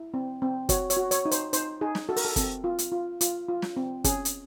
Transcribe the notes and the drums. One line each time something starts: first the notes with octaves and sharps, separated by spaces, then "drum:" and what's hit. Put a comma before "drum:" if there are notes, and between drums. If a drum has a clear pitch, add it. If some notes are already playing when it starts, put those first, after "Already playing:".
Already playing: E4
C4
C4
F#4 C#5, drum: kick, hi-hat
C#5, drum: hi-hat
F#4
C#5, drum: hi-hat
D#4
C5, drum: hi-hat
D#4 C5, drum: hi-hat
D#4 G#4
drum: snare
F#4 A4
A#4, drum: open hi-hat
A4
C4 A4, drum: kick, hi-hat
F4
drum: hi-hat
F4
F4, drum: hi-hat
F4
drum: snare
C4
C#4 G#4, drum: kick, hi-hat
drum: hi-hat